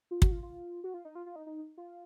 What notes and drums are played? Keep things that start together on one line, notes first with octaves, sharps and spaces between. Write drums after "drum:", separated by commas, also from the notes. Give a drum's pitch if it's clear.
F4
F#4, drum: kick
F4
F4
F#4
F4
D#4
F4
F4
D#4
D#4
F4